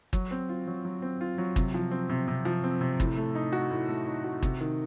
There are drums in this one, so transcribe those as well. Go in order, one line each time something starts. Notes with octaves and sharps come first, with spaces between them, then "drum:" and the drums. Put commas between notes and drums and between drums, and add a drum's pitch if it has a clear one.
F#3, drum: kick
C4
F4
F#3
F#3
C4
F4
F#3
C3, drum: kick
F3
C4
C3
C3
F3
C4
C3
A2, drum: kick
A3
D#4
F#4
A2
A3
D#4
F#4
C3, drum: kick
D#3